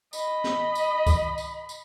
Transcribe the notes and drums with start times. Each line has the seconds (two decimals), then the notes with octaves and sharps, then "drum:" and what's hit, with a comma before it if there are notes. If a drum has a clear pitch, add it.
0.13 D#5 B5, drum: tambourine
0.44 drum: snare
0.75 drum: tambourine
1.07 drum: kick C#2, tambourine
1.38 drum: tambourine
1.69 drum: tambourine